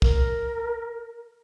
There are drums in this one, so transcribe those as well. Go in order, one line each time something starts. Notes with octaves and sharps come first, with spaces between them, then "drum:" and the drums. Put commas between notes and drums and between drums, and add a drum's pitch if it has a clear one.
A#4, drum: kick